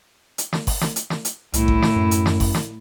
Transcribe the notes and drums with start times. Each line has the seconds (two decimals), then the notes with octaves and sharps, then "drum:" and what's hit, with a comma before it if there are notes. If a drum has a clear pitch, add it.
0.38 drum: hi-hat
0.53 drum: snare
0.67 drum: kick G1, open hi-hat
0.81 drum: snare
0.96 drum: hi-hat
1.10 drum: snare
1.25 drum: hi-hat
1.54 C2 A2 E4, drum: hi-hat
1.68 drum: kick G1
1.82 drum: snare
1.96 F#2
2.11 drum: hi-hat
2.26 drum: snare
2.40 drum: kick G1, open hi-hat
2.54 drum: snare